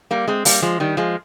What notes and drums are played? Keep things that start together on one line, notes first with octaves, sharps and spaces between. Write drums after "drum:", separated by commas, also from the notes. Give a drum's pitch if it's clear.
G3 A#3
G#3 C4
G3 A#3, drum: open hi-hat
F3 G#3
D#3 G3
F3 G#3